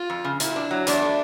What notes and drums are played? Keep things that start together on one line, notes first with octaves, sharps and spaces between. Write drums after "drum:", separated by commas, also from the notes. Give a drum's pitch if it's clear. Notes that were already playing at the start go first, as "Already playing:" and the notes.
Already playing: F4
F2
C#3
A#2 E4, drum: hi-hat
D4
F#3
E2 D4, drum: hi-hat
A3